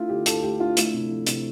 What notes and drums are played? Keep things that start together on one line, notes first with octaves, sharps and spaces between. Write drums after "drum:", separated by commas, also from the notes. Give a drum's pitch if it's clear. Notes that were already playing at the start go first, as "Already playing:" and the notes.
Already playing: A3 D4 E4 F4
D3 G4
D2 A4, drum: hi-hat
A3 G4
D4 F4
A3 E4, drum: hi-hat
C3
F3
C3, drum: hi-hat